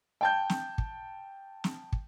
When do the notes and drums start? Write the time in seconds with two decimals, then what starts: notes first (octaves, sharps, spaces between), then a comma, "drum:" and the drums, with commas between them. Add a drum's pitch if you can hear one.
0.21 G5 A5 G6
0.50 drum: snare
0.78 drum: kick
1.64 drum: snare
1.93 drum: kick